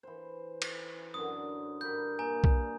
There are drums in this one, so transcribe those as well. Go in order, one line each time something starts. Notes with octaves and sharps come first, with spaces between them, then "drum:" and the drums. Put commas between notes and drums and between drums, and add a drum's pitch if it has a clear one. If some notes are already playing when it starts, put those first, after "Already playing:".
E3 C5
drum: cymbal
F#2 D3 D#6
G2 A#4 B5 G6
A#2 G#5 A#5
drum: kick B1